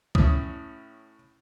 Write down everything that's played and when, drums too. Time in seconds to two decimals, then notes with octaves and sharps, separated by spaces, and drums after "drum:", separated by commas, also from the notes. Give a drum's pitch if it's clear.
0.15 A2 C#4 D#6, drum: kick